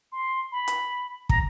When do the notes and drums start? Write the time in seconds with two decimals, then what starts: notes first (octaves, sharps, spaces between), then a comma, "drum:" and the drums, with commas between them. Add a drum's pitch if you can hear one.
0.12 C6
0.52 B5
0.68 drum: hi-hat
1.29 A#5, drum: kick